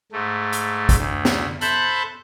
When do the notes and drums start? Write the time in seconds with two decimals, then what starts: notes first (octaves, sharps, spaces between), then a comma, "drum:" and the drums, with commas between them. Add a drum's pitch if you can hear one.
0.12 G#2 A3
0.53 drum: hi-hat
0.89 drum: kick, hi-hat
0.98 D2
1.25 drum: snare
1.61 A4 C5 E5 B5 F#6 G6, drum: hi-hat